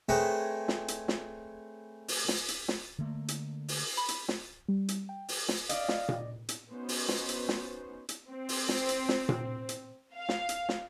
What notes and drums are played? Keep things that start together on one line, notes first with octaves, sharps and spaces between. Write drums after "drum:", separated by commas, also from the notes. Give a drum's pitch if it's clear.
A3 C4 G#4 B4 C#5 D#5
drum: snare
drum: hi-hat
drum: snare
drum: open hi-hat
drum: snare
drum: hi-hat
drum: snare
D3 A3 A#3
drum: hi-hat
drum: open hi-hat
B5
drum: hi-hat
drum: snare
G3
drum: hi-hat
G5
drum: open hi-hat
drum: snare
D5 D#5 F5, drum: hi-hat
drum: snare
drum: tom A#2
drum: hi-hat
B3 C#4 D#4 F#4 C5
drum: open hi-hat
drum: snare
drum: hi-hat
drum: snare
drum: hi-hat
C4
drum: open hi-hat
drum: snare
drum: hi-hat
drum: snare
drum: tom A#2
drum: hi-hat
F5
drum: snare
drum: hi-hat
drum: snare